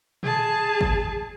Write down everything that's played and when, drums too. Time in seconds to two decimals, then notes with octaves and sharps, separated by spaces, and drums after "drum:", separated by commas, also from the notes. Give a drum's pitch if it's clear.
0.23 G#4 A5, drum: tom A#2
0.81 drum: kick G#1